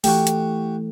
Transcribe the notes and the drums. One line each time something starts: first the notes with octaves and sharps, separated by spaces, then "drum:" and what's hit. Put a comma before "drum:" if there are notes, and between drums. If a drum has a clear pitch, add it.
E3 A3 F#4 G4, drum: open hi-hat
drum: hi-hat